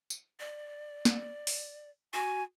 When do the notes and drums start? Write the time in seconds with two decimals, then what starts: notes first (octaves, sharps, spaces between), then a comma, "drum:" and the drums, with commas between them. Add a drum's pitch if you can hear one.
0.10 drum: tambourine
0.39 D5
1.05 drum: snare
1.47 drum: open hi-hat
2.13 F#4 G#5